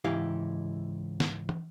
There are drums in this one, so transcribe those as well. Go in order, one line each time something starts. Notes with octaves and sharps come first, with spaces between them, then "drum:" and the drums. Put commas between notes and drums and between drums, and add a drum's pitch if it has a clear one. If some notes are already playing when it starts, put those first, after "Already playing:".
C#2 G#2 E3 E4 G4 F5
drum: snare
drum: tom